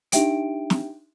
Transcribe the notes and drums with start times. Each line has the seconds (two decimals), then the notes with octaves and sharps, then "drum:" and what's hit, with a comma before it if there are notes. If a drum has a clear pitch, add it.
0.12 D4 D#4 G4 E5 G5 D7, drum: hi-hat
0.70 drum: snare